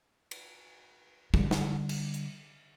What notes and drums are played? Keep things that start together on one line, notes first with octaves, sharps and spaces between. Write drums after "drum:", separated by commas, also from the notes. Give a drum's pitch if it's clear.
drum: cymbal
D3 G3, drum: kick
drum: snare
drum: cymbal
drum: hi-hat